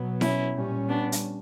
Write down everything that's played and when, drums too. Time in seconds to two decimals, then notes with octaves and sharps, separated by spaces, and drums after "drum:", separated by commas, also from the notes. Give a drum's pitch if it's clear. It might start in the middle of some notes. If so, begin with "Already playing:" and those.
Already playing: B2 F#3 B3
0.21 C#4 E4, drum: snare E4
0.55 A#2 G3 C#4
0.89 B3 D4
1.12 drum: hi-hat